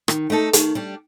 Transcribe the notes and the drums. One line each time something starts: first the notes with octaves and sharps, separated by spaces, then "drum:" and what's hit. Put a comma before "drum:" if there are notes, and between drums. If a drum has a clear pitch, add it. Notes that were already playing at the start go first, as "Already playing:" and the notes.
D#3, drum: rim click
A3 D#4 A4
D#3, drum: hi-hat
G3 D4 G4